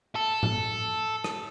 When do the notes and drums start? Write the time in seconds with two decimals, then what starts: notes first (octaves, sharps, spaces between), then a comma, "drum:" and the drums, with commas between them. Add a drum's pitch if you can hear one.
0.16 A4
0.43 drum: tom A2
1.24 drum: rim click